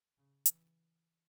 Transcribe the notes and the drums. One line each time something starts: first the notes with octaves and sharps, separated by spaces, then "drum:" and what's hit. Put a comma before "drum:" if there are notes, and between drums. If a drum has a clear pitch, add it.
C#3
E3, drum: hi-hat